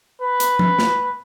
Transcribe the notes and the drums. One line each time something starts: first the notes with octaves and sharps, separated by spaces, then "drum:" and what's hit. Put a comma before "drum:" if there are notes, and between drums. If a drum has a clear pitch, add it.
B4
drum: hi-hat
drum: tom F3
drum: snare